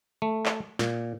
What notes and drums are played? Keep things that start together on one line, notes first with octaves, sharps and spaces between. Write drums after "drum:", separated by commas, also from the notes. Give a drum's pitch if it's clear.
A3
drum: clap
A#2, drum: snare